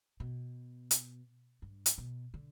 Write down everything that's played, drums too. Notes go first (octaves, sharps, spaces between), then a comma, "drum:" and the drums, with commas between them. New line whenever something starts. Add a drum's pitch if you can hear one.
B2
drum: hi-hat
G2
drum: hi-hat
B2
D3